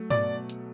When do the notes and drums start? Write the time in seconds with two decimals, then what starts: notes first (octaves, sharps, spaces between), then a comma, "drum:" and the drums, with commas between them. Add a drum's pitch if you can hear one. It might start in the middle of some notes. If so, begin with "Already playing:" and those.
Already playing: F#3 A3
0.10 B2 D5, drum: tom
0.50 drum: hi-hat